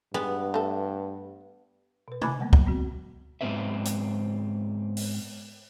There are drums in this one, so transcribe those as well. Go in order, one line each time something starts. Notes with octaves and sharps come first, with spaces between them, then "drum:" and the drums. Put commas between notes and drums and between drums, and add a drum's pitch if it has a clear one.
G2 G#3 B3 G4 B4
A3 A4
B2 B4
G#5 B5 D6 F#6 G#6 A6, drum: tom
B2 G3 G#3 A#3 B3
F#3, drum: kick
B3 C4 F#4
G#2 F3 B3 C4 B4 E5
drum: hi-hat
drum: open hi-hat